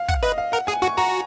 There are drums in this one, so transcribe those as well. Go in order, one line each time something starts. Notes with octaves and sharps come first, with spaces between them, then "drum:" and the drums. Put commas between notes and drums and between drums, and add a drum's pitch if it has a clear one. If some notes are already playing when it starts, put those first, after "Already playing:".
Already playing: F5
F#5, drum: kick
B4 D#5
F5
A#4 F#5
G#4 G#5
F#4 C#6
F#4 A#5